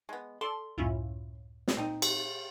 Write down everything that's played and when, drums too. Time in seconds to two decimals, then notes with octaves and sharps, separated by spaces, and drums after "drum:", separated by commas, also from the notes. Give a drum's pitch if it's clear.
0.09 G#3 B3
0.41 A4 D5 C6
0.78 C#2 F#2 A2 C#4 E4 F4
1.68 drum: snare
1.77 A#2 C4 D#4
2.02 drum: cymbal